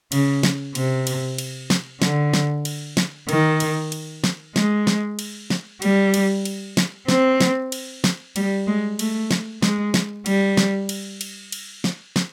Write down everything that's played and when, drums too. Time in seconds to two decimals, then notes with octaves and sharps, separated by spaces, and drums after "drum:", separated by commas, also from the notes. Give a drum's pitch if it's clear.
0.12 C#3, drum: cymbal
0.43 drum: snare
0.75 C3, drum: cymbal
1.07 drum: cymbal
1.38 drum: cymbal
1.70 drum: snare
2.02 D3, drum: snare
2.34 drum: snare
2.65 drum: cymbal
2.97 drum: snare
3.29 D#3, drum: cymbal
3.60 drum: cymbal
3.92 drum: cymbal
4.24 drum: snare
4.56 G#3, drum: snare
4.87 drum: snare
5.19 drum: cymbal
5.50 drum: snare
5.82 G3, drum: cymbal
6.14 drum: cymbal
6.45 drum: cymbal
6.77 drum: snare
7.08 C4, drum: snare
7.40 drum: snare
7.72 drum: cymbal
8.04 drum: snare
8.36 G3, drum: cymbal
8.67 G#3
8.99 A3, drum: cymbal
9.31 drum: snare
9.62 G#3, drum: snare
9.94 drum: snare
10.26 G3, drum: cymbal
10.57 drum: snare
10.89 drum: cymbal
11.21 drum: cymbal
11.52 drum: cymbal
11.84 drum: snare
12.16 drum: snare